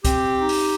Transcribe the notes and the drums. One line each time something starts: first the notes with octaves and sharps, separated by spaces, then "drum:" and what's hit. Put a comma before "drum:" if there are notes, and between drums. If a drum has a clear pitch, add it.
C4 G4, drum: kick C2, hi-hat
D#4
drum: open hi-hat